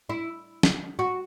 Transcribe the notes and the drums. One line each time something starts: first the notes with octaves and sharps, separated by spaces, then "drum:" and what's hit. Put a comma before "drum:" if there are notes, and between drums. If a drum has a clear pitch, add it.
E4
drum: snare
F#4